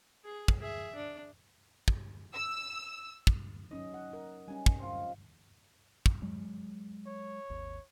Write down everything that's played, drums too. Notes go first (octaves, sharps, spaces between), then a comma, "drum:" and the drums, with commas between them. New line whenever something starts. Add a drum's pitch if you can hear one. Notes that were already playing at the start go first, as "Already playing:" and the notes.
G#4
drum: kick
G#4 E5
D4
drum: kick
E6
drum: kick
F#3 C#4 D#4 D#5
F#5
D#4 A#4
G3 C#4 G#5
drum: kick
C4 F4
drum: kick
F#3 G#3
C#5
G#1 D#2